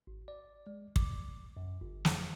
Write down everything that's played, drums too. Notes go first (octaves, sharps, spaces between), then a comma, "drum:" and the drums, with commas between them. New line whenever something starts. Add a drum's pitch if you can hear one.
G#1
D5
G#3
D6, drum: kick
F#2
G1
F2, drum: snare